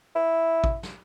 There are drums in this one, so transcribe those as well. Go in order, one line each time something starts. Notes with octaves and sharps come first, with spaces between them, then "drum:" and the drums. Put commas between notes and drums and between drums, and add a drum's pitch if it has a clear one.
E4
drum: kick A1
drum: snare